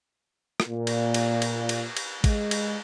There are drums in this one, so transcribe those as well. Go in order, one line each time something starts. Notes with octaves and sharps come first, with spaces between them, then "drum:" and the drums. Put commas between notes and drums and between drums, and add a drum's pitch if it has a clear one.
drum: rim click
A#2
drum: cymbal
drum: cymbal
drum: cymbal
drum: cymbal
drum: cymbal
G#3, drum: kick, cymbal
drum: cymbal